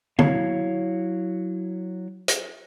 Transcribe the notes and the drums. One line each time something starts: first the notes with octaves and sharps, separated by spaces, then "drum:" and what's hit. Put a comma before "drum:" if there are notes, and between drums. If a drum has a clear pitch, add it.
F#3 E4 C#5 F5, drum: tom
drum: hi-hat